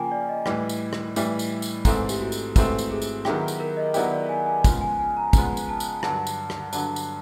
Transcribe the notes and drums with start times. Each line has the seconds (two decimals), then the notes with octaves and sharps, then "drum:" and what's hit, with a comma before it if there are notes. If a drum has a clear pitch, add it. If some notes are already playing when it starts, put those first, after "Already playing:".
Already playing: C#3 F3 A#3 G5 G#5
0.12 D5
0.29 D#5
0.46 A2 E3 G3, drum: rim click
0.69 drum: tambourine
0.93 drum: rim click
1.16 A2 E3 G3, drum: tambourine
1.39 drum: tambourine
1.62 drum: tambourine
1.85 G#2 E3 A3 C4 A4, drum: kick, tambourine
2.09 G4, drum: tambourine
2.21 F#4
2.32 drum: tambourine
2.56 G#2 E3 A3 C4, drum: kick, tambourine
2.78 drum: tambourine
2.91 G#4
3.02 drum: tambourine
3.25 D#3 F#3 B3 E4 G4 G#4, drum: rim click
3.48 drum: tambourine
3.60 A#4
3.77 D#5
3.94 D#3 F#3 B3 E4 G4 D5, drum: tambourine
4.12 D5
4.29 G#5
4.46 G#5
4.64 C#3 F3 G#3 B3, drum: kick, tambourine
4.81 G#5
4.99 G#5
5.17 A#5
5.33 C#3 F3 G#3 B3, drum: kick, tambourine
5.57 drum: tambourine
5.69 A5
5.80 drum: tambourine
6.03 G2 D3 F#3 A5, drum: rim click
6.27 drum: tambourine
6.50 drum: rim click
6.73 G2 D3 F#3 A5, drum: tambourine
6.96 drum: tambourine